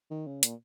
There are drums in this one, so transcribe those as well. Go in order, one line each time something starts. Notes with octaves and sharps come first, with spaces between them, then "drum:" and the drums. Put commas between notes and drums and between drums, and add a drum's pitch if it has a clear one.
D#3
C#3
A#2, drum: hi-hat